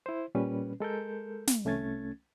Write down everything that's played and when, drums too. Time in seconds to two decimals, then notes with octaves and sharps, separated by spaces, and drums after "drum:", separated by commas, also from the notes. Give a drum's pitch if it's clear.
0.06 E4 C5
0.35 A#2 G3 C#4 B4
0.80 G#3 A4 A#4 G6
1.48 drum: snare
1.65 C2 A3 C#4 G#6 A6